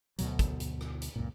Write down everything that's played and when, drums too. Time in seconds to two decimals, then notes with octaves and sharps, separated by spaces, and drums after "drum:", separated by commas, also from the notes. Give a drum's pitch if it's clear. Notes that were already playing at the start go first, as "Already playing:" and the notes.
0.18 D2 B2 F#3, drum: hi-hat
0.39 drum: kick, hi-hat
0.60 drum: hi-hat
0.81 drum: rim click
1.02 drum: hi-hat
1.16 C#2 F#2 A#2